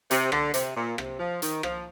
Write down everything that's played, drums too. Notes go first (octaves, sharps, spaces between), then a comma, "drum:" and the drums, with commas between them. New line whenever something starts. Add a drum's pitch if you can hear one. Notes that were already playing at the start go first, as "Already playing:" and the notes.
C3, drum: hi-hat
D3, drum: rim click
C3, drum: hi-hat
A#2
C3, drum: rim click
F3
D#3, drum: hi-hat
F3, drum: rim click